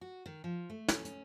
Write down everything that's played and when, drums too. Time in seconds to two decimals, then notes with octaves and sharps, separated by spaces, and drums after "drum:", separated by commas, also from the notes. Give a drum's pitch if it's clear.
0.01 F#4
0.26 D#3
0.44 F3
0.70 A3
0.88 C#4, drum: snare
1.05 C#4, drum: hi-hat